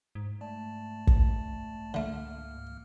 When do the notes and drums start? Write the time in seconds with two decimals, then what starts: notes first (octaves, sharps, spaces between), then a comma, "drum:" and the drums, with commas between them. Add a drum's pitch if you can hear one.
0.15 G#2
0.41 A3 D5 A5
1.07 drum: kick
1.94 C#2 D3 A3 A#3 F6